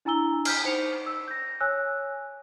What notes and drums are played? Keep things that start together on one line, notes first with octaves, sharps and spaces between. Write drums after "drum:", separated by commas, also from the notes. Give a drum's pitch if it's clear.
D4 E4 G#5 A#5 E6 G7
F6 G6 B6, drum: cymbal
D#4 C5 C#7 F7
E6
G6 A#6
C#5 G#5 E6 F#6